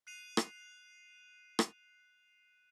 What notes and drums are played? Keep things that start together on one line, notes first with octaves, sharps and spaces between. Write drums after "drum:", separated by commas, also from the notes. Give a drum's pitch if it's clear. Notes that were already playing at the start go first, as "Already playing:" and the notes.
F#6 C7 D#7 F7
drum: rim click
drum: rim click